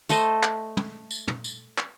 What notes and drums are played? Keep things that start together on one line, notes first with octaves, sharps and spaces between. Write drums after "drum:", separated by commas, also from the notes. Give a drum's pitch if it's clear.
A3 A4 C5 D#5, drum: tambourine
drum: clap
drum: tom
drum: tambourine
drum: tom
drum: tambourine
drum: clap